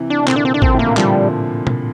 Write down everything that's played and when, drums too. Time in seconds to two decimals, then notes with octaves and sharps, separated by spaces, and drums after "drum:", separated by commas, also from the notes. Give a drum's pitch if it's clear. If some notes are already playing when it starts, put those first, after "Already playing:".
Already playing: C3 E3
0.10 D4
0.22 C3
0.28 A#2 D3 C4, drum: clap
0.36 D4
0.45 C4
0.54 D4
0.62 A#2 D3 C4, drum: kick
0.74 A2 C3
0.79 A#3
0.85 A#2 D3
0.97 D3 F3 G3, drum: clap
1.67 drum: tom B2